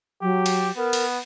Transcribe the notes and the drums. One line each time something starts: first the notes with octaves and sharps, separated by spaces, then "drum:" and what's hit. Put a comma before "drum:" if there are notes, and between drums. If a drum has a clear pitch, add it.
F#3 G4
drum: cymbal
B3 A#4
drum: cymbal